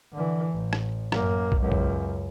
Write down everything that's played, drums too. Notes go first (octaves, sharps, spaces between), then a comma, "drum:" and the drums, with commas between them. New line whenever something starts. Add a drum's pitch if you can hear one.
D3 E3
A1
drum: rim click
F#2 A#3, drum: rim click
drum: kick
C#2 F#2
drum: kick